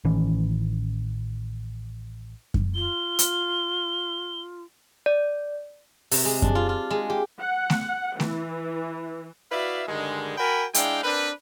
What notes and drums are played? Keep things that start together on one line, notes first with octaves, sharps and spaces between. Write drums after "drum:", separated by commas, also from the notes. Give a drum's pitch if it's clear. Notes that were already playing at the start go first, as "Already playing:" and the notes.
A1 D#3 E3 C#4
drum: kick F#2
F4 G7
drum: hi-hat
D5
C3, drum: open hi-hat
G#3
D4, drum: kick F#2
F4
F4
G#3
G4
F#5
drum: snare A3
E3, drum: snare A3
E4 F#4 B4 D5 E5 F5
G2 D3 D#3 G#3
F#4 A#4 G5 G#5 B5
G#3 D4 E4 F5 G5, drum: hi-hat
C4 D4 A#4 B4